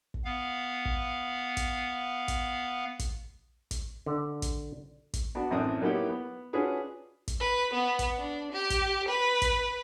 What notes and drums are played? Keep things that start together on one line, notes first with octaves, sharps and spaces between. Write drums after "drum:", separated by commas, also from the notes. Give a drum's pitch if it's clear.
drum: kick
B3 F5
drum: kick
drum: kick, hi-hat
drum: kick, hi-hat
drum: kick, hi-hat
drum: kick, hi-hat
D3
drum: kick, hi-hat
drum: kick, hi-hat
B3 D4 F#4
A1 F#2 C4 D4 D#6
F#3 A#3 B3 D#4 E4 G4
B3
C#4 D4 F4 F#4 G#4 B4
drum: kick, hi-hat
B4
B3
drum: kick, hi-hat
D4
G4
drum: kick, hi-hat
B4
drum: kick, hi-hat